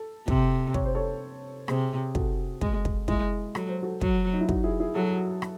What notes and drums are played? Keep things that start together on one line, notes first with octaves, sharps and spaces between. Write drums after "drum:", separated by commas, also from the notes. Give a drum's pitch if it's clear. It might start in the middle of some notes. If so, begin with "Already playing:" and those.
Already playing: A4
C3, drum: kick
C#5, drum: kick
C5
A4 C#5
C3 G#4 C5, drum: rim click
F#4 A4, drum: kick
G#3, drum: kick
drum: kick
G#3 E4 G#4, drum: kick
F#3 A4, drum: rim click
C5
F#4 A4
F#3, drum: kick
D#4
E4
D#4 F#4, drum: kick
E4 G#4
E4 G#4
F#3 F#4 A4
drum: rim click